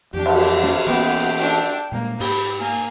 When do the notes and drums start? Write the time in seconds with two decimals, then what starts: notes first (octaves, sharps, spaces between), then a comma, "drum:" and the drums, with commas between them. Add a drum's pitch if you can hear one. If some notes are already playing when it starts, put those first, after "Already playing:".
0.13 F2 E3 D4 G4
0.26 drum: cymbal
0.63 drum: snare
0.87 E3 A#3 B3 C#4 G5
1.38 D4 A4
1.92 A#2 G3 G#3 A#3
2.20 G#2 G4 B5, drum: open hi-hat
2.59 A#3 G#5